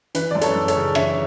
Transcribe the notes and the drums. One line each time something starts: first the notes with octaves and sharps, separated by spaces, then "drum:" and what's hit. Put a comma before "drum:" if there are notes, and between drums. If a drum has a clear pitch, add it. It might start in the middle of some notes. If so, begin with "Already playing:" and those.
E3 B4, drum: hi-hat
F#2 D5
A4 C#5, drum: hi-hat
F#2
A4 C#5, drum: hi-hat
C#3
E3 C#5 E5, drum: rim click